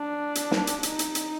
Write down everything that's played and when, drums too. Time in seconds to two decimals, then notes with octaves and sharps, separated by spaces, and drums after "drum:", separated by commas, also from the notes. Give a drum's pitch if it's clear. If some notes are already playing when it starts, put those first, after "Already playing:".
Already playing: D4
0.35 drum: hi-hat
0.51 drum: snare
0.67 drum: hi-hat
0.83 D#4, drum: hi-hat
0.99 drum: hi-hat
1.15 drum: hi-hat